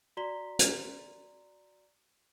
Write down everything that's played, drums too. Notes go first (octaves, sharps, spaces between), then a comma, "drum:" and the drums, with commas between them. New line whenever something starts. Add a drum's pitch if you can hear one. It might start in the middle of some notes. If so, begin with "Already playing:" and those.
F#4 D5 A#5 C6 B6 G7
drum: hi-hat